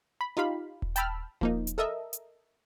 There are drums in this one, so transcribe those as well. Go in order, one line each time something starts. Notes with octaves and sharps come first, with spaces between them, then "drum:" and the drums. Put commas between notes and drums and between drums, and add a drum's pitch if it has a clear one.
B5
D#4 F4 G4 F5 B5
drum: kick D#1
G5 A5 B5 E6 F6, drum: hi-hat
F3 A#3 D#4, drum: kick D#1
drum: hi-hat
A4 A#4 D#5 E5
drum: hi-hat